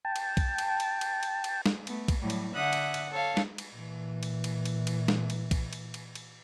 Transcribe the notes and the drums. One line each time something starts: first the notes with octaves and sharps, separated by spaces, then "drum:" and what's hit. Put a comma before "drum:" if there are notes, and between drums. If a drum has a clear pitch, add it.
G5 A5
drum: cymbal
drum: kick B1, cymbal
drum: cymbal
drum: cymbal
drum: cymbal
drum: cymbal
drum: cymbal
drum: snare
A3 B3, drum: cymbal
drum: kick B1, cymbal
A2 F#3 G3
drum: cymbal
D3 E5 F#5 D#6 F#6
drum: cymbal
drum: cymbal
A4 C#5 F5
drum: snare
drum: cymbal
A#2 E3
drum: cymbal
drum: cymbal
drum: cymbal
drum: cymbal
drum: snare
drum: cymbal
drum: kick B1, cymbal
drum: cymbal
drum: cymbal
drum: cymbal